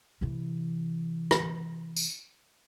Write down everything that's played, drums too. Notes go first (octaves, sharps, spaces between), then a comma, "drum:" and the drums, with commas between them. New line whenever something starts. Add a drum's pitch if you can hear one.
C3 E3
drum: rim click
drum: tambourine